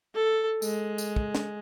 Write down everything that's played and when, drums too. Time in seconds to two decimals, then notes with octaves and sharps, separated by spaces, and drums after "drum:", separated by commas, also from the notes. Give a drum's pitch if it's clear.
0.15 A4
0.62 G#3, drum: tambourine
0.98 drum: tambourine
1.16 drum: kick
1.35 drum: snare